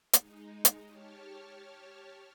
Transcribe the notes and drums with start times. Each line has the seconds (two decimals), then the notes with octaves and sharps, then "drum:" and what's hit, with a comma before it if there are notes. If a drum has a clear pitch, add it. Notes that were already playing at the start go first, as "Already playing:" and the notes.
0.13 G#3 D#4, drum: hi-hat
0.65 drum: hi-hat
0.85 G4 C#5 A5 F6